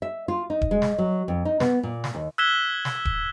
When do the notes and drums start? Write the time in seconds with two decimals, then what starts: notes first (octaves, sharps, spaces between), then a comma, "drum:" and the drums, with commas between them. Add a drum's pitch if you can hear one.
0.02 E5
0.28 F4
0.50 D#4
0.61 drum: kick D#1
0.71 G#3
0.82 drum: snare
0.98 F#3
1.28 F2
1.45 D#4
1.60 B3, drum: snare
1.83 A#2
2.04 drum: snare
2.15 D#2
2.38 E6 F#6 G#6 B6 E7 G7
2.85 drum: snare
3.05 drum: kick D#1